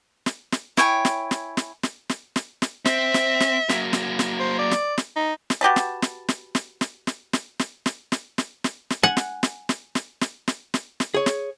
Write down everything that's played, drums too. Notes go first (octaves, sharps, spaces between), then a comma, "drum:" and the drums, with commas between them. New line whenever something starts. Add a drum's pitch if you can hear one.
drum: snare
drum: snare
E4 C#5 G5 G#5, drum: snare
drum: snare
drum: snare
drum: snare
drum: snare
drum: snare
drum: snare
drum: snare
C4 E5, drum: snare
drum: snare
drum: snare
F#3 A#3, drum: snare
drum: snare
drum: snare
C5
D5
drum: snare
drum: snare
D#4
drum: snare
F#4 G4 B4 A5
drum: snare
drum: snare
drum: snare
drum: snare
drum: snare
drum: snare
drum: snare
drum: snare
drum: snare
drum: snare
drum: snare
drum: snare
drum: snare
F#5 G#5
drum: snare
drum: snare
drum: snare
drum: snare
drum: snare
drum: snare
drum: snare
drum: snare
G#4 C#5
drum: snare